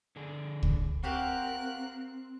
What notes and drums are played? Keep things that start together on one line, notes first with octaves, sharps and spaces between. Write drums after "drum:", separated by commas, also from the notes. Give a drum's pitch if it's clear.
D3 D4 G#4
drum: kick C#2
C4 F#4 G4 A#4 F5 F#6